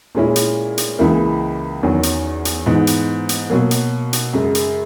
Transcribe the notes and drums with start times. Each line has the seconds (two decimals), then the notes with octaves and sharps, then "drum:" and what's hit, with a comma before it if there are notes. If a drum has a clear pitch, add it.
0.15 A#2 G#3 C#4 E4
0.36 drum: hi-hat
0.78 drum: hi-hat
0.99 C#2 C#3 E3 A#3 E4
1.83 E2 D#3 F#3 C#4
2.03 drum: hi-hat
2.45 drum: hi-hat
2.66 G#2 E3 B3 D#4
2.87 drum: hi-hat
3.29 drum: hi-hat
3.50 B2 F#3 A#3
3.71 drum: hi-hat
4.13 drum: hi-hat
4.33 F#2 C#3 G#3
4.55 drum: hi-hat